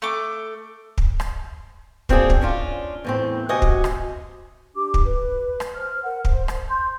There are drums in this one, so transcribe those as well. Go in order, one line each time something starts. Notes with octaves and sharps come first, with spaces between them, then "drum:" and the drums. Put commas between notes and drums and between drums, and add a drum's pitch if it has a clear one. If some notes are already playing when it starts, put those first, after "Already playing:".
A3 D6
drum: kick
drum: rim click
A#3 C4 D4 F#4 G#4, drum: kick
drum: kick
C#4 D4 F4
E2 A2 C4
D2 C3 F#4 D#5 G#5
drum: kick
drum: rim click
D4 G4 D6
drum: kick
B4
drum: rim click
C5 F6
A#4 F#5
C5, drum: kick
drum: rim click
C6 G6